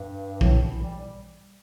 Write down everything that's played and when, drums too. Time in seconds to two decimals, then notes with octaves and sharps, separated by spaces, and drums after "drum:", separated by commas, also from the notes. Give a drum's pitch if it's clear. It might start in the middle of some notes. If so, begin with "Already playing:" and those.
Already playing: G2
0.41 A2, drum: kick A#1
0.61 E3
0.82 G3